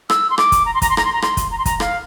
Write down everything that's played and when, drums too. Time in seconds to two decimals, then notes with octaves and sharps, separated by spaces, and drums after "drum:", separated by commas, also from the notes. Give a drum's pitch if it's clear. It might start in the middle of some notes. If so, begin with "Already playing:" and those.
0.10 E6, drum: rim click
0.30 C6
0.38 D6, drum: rim click
0.52 drum: kick, hi-hat
0.66 A#5
0.74 C6
0.82 A#5, drum: kick, hi-hat
0.90 C6
0.97 A#5, drum: rim click
1.05 C6
1.13 A#5
1.22 C6, drum: rim click
1.37 drum: kick, hi-hat
1.51 A#5
1.58 C6
1.66 A#5, drum: kick, hi-hat
1.80 F5, drum: rim click